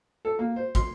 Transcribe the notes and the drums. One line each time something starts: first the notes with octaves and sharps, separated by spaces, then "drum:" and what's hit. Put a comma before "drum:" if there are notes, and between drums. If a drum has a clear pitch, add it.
A4
A#3
C5
C6, drum: kick, hi-hat